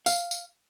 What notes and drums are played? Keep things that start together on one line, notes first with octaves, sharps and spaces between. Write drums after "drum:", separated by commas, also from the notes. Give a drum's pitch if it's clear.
F5, drum: tambourine
drum: tambourine